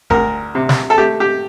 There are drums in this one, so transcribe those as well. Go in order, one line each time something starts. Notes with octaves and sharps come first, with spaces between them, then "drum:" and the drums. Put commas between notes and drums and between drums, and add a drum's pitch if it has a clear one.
D2 A#4, drum: kick F#1
C3
drum: snare
A4
A3 G4
G4